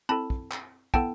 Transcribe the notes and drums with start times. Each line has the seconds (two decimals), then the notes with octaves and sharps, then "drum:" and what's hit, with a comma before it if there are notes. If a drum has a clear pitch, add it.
0.09 C4 E4 A4 A5 B5
0.30 drum: kick
0.51 drum: clap
0.94 B3 E4 A4 G5 A5, drum: kick